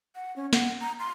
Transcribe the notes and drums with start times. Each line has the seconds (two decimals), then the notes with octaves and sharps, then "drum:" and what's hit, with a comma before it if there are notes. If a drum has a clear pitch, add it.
0.16 F#5
0.36 C#4
0.53 F#5, drum: snare
0.81 A#5
0.99 C6